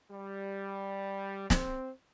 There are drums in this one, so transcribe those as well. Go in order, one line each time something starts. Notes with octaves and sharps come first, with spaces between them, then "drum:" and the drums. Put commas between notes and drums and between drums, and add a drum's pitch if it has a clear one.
G3
C4, drum: snare